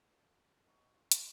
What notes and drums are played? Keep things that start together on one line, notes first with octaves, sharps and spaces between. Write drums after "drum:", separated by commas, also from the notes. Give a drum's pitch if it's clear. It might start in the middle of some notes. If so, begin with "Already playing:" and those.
Already playing: C#3 A3
F4 A4
A4
D#4 F#4
C#4 F4
D#4 F#4, drum: hi-hat